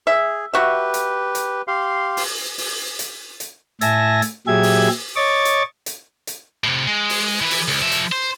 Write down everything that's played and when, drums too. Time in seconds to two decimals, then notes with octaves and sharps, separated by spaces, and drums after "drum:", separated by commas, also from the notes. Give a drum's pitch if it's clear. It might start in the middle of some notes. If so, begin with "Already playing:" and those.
0.07 G#4 E5
0.53 F#4 G4 B4 E5
0.94 drum: hi-hat
1.35 drum: hi-hat
1.68 G4 F5 C6
2.17 drum: open hi-hat
2.58 drum: open hi-hat
2.99 drum: hi-hat
3.40 drum: hi-hat
3.81 A2 E5 G#5 A5 A#6, drum: hi-hat
4.22 drum: hi-hat
4.47 A#2 F#3 G4 G#4 E5 G#6
4.63 drum: open hi-hat
5.16 C#5 D#5 C#6 D6 A6
5.45 drum: hi-hat
5.86 drum: hi-hat
6.27 drum: hi-hat
6.64 A2 C3
6.87 G#3
7.09 drum: open hi-hat
7.41 E3 B4
7.50 drum: open hi-hat
7.68 C#2
7.82 F3 E5
7.92 drum: hi-hat
8.12 C5